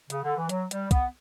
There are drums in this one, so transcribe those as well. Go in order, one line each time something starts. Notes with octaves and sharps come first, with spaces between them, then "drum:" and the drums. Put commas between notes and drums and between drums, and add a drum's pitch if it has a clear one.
C#3, drum: hi-hat
D3
E3
F#3, drum: hi-hat
G3, drum: hi-hat
B3, drum: kick, hi-hat